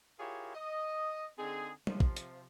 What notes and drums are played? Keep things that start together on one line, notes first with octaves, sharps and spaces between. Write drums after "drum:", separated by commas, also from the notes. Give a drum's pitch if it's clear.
E4 F4 G4 G#4 A#4 C#5
D#5
D3 C4 D#4 G#4
C3 F3, drum: tom G3
drum: kick
drum: hi-hat